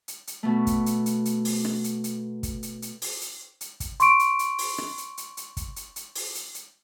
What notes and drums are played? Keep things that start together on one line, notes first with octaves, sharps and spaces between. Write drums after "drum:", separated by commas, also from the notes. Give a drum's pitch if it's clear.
drum: hi-hat
drum: hi-hat
B2 A3
drum: kick, hi-hat
drum: hi-hat
drum: hi-hat
drum: hi-hat
drum: open hi-hat
drum: rim click
drum: hi-hat
drum: hi-hat
drum: kick, hi-hat
drum: hi-hat
drum: hi-hat
drum: open hi-hat
drum: hi-hat
drum: hi-hat
drum: kick, hi-hat
C6 C#6 D7, drum: hi-hat
drum: hi-hat
drum: hi-hat
drum: open hi-hat
drum: rim click
drum: hi-hat
drum: hi-hat
drum: hi-hat
drum: kick, hi-hat
drum: hi-hat
drum: hi-hat
drum: open hi-hat
drum: hi-hat
drum: hi-hat